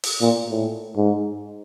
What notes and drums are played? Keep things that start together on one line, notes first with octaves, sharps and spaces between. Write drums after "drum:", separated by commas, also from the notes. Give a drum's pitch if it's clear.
drum: open hi-hat
A#2
A2
G#2